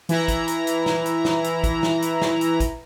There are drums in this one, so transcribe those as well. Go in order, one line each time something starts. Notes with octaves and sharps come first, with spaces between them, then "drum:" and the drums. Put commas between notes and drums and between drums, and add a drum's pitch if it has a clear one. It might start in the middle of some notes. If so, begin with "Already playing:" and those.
E3 E4 A#5, drum: hi-hat
drum: kick A1, hi-hat
drum: hi-hat
drum: hi-hat
drum: snare
drum: hi-hat
drum: snare
drum: hi-hat
drum: kick A1, hi-hat
drum: snare
drum: hi-hat
drum: snare
drum: hi-hat
drum: kick A1, hi-hat